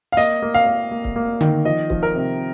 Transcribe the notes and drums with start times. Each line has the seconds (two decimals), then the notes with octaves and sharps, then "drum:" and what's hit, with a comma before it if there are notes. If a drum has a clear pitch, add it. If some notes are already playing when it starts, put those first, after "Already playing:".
0.12 F5
0.17 A#3 D#5, drum: open hi-hat
0.42 A#3
0.54 F5
0.66 A#3
0.91 A#3
1.04 drum: kick C#1
1.16 A#3
1.41 D#3, drum: tom D3
1.65 F3 D#5
1.90 F3, drum: kick C#1
2.03 A#4
2.15 C3